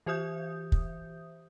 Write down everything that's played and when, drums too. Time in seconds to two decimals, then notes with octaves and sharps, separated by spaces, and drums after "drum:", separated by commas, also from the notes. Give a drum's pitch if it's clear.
0.06 E3 G4 C5 E5 D#6 G6
0.72 drum: kick